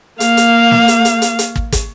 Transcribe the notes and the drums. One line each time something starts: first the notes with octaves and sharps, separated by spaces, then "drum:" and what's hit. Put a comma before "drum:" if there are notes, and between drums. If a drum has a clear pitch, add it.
A#3 F5, drum: hi-hat
drum: hi-hat
drum: snare
drum: hi-hat
drum: hi-hat
drum: hi-hat
drum: hi-hat
drum: kick
drum: kick, hi-hat